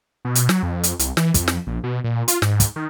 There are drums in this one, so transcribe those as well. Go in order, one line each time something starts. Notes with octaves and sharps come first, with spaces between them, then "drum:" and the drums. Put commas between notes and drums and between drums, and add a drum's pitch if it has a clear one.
B2
drum: hi-hat
F#3, drum: snare
F2
drum: hi-hat
C2, drum: hi-hat
E3, drum: snare
F2, drum: kick, hi-hat
drum: snare
A#1
B2
A#2
F4, drum: hi-hat
G#2, drum: snare
drum: kick, hi-hat
D#3